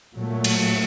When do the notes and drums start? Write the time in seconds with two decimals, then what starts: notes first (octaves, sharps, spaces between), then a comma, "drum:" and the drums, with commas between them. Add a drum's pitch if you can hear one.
0.15 A#2 F#3 A3
0.44 drum: cymbal